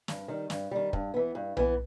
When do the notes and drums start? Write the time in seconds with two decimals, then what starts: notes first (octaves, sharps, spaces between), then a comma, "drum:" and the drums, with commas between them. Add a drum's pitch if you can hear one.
0.08 G2, drum: snare
0.28 D#3 G3
0.50 G2, drum: snare
0.71 D#3 G3
0.93 G2, drum: kick
1.14 E3 B3
1.35 G2
1.57 E3 B3, drum: tom B1